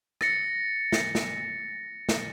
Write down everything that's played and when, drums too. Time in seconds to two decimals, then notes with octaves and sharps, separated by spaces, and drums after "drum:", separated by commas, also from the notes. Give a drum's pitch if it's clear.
0.21 A6 A#6 C#7, drum: rim click
0.92 drum: snare
1.15 drum: snare
2.09 drum: snare